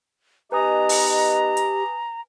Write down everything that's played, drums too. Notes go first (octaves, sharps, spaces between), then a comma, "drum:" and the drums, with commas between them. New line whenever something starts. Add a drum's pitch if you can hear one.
B3 D#4 G4 B4 D#5 G#5 A#5 D#6
drum: open hi-hat
drum: hi-hat